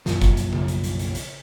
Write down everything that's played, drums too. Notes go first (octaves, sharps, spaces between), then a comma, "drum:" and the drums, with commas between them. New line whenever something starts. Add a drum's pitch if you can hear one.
B1 F#2 A#2 F3, drum: snare
drum: kick, hi-hat
drum: hi-hat
drum: tom C#3
drum: hi-hat
drum: hi-hat
drum: hi-hat
drum: hi-hat